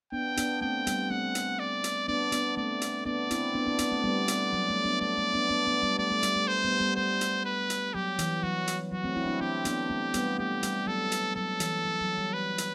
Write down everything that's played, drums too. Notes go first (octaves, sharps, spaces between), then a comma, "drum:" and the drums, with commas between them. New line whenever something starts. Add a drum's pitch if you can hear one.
B3 D4 G5
B3 D4, drum: hi-hat
A3 C4 G5
G3 B3, drum: hi-hat
A3 C4 F#5
drum: hi-hat
D5
drum: hi-hat
B3 D4 D5
B3 D4, drum: hi-hat
A3 C4 D5
drum: hi-hat
B3 D4 D5
C4 E4, drum: hi-hat
B3 D4
B3 D4
B3 D4, drum: hi-hat
A3 C4
G3 B3
drum: hi-hat
F#3
A3
B3 D4
A3 D5
A3
B3 D4
B3 D4
B3 D4
G3 B3
A3 D5
A3
G3, drum: hi-hat
A3
C5
G3 B3
G3 B3
G3 C5
drum: hi-hat
B4
drum: hi-hat
F#3 G4
E3, drum: hi-hat
F#3 F#4
drum: hi-hat
F#3 F#4
A3 C4
C4 E4
D4
C4 E4
C4 E4 G4
B3 D4, drum: hi-hat
A3 C4
G3 B3, drum: hi-hat
A3 G4
G3, drum: hi-hat
F#3 A4
drum: hi-hat
F#3 A4
E3, drum: hi-hat
F#3
F#3
G3
B4
drum: hi-hat